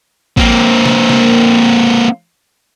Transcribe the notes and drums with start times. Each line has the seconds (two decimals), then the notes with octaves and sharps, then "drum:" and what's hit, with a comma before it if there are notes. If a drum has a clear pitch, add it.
0.37 A#3 C4, drum: kick
0.85 drum: snare C#3
1.09 drum: snare C#3